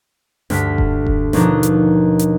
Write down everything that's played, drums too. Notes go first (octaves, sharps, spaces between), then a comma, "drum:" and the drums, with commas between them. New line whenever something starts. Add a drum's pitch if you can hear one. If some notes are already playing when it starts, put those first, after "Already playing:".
D2 G2 B6, drum: snare
drum: kick E1
drum: kick E1
D#2 B2 F3 D4 D#4, drum: snare
drum: hi-hat
drum: hi-hat